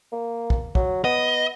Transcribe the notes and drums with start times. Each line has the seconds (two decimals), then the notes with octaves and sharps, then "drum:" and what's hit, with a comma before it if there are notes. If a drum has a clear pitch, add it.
0.13 A#3
0.50 drum: kick
0.75 F#3, drum: kick
1.04 B3 D#5